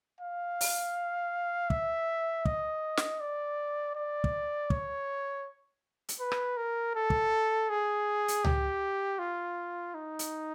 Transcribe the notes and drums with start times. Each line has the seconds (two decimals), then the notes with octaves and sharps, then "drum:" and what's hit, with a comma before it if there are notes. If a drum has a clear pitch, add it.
0.21 F5
0.61 drum: open hi-hat
1.70 E5, drum: kick
2.45 D#5, drum: kick
2.97 drum: snare
3.20 D5
3.96 D5
4.24 drum: kick
4.70 C#5, drum: kick
6.09 drum: hi-hat
6.20 B4
6.32 drum: rim click
6.57 A#4
6.95 A4
7.10 drum: kick
7.70 G#4
8.28 drum: hi-hat
8.44 G4, drum: tom C#2
9.19 F4
9.95 D#4
10.19 drum: hi-hat